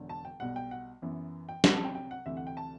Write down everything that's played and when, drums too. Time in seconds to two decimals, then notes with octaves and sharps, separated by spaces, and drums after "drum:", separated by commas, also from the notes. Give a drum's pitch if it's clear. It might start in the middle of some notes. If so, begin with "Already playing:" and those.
Already playing: E1 E2 D3 F#3
0.09 A5
0.25 G5
0.40 B1 B2 G3 F#5
0.56 G5
0.71 F#5
1.02 F#2 E3 B3
1.49 G5
1.64 C2 C3 F#3 F#5, drum: snare
1.74 A5
1.85 G5
1.95 G5
2.11 F#5
2.26 D2 C3 E3 A3 C4 E5
2.37 F#5
2.47 G5
2.57 A5